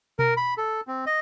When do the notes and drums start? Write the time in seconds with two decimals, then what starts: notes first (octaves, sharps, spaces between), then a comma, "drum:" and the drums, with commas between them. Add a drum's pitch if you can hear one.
0.19 A#4, drum: tom B2
0.37 B5
0.58 A4
0.87 C4
1.06 D#5